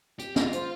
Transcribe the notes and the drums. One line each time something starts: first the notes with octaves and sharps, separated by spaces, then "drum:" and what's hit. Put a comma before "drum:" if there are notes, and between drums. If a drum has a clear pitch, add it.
G4, drum: hi-hat
F4, drum: snare
C5, drum: hi-hat